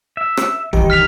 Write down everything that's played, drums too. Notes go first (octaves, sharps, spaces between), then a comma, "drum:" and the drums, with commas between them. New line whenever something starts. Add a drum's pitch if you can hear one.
E5
drum: rim click
C2 D#3 E3 G4 D#5 G5, drum: kick
F6 B6 F7